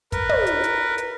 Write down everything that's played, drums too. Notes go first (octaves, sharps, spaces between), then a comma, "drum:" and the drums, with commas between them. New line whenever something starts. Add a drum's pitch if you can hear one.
A#4 B4, drum: kick, hi-hat
drum: tom
drum: hi-hat
drum: hi-hat
drum: hi-hat